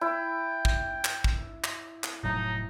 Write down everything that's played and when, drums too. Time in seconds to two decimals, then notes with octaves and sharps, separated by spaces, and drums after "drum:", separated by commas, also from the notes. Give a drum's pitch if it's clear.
0.01 E4 G5
0.65 drum: kick
1.05 drum: clap
1.24 drum: kick
1.64 drum: clap
2.04 drum: clap
2.23 F1 A2 F#3 D#4